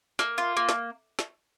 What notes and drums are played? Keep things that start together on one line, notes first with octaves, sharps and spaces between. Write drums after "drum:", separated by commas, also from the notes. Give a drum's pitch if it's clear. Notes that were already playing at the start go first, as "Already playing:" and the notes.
A#3, drum: snare
F4
A#3
drum: snare
drum: snare